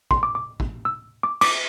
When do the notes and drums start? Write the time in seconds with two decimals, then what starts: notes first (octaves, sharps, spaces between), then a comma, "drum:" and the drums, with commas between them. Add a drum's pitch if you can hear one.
0.11 C6, drum: kick
0.23 D6
0.35 D6
0.60 drum: kick
0.85 E6
1.23 D6
1.41 D6, drum: cymbal